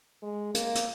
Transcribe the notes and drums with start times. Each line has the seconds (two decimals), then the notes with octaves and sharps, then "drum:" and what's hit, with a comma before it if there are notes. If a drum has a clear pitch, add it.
0.22 G#3
0.54 A#3, drum: hi-hat
0.75 drum: hi-hat